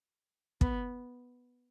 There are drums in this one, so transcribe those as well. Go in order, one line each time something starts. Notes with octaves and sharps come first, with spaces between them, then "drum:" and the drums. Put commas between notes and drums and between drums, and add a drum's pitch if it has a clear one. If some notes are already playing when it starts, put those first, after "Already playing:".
B3, drum: kick